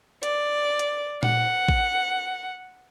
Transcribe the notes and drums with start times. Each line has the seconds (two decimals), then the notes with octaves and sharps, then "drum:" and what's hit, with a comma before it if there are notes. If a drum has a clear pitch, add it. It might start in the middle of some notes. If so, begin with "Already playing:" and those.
0.23 D5, drum: hi-hat
0.79 drum: hi-hat
1.23 F#5, drum: tom A#2
1.69 drum: kick A1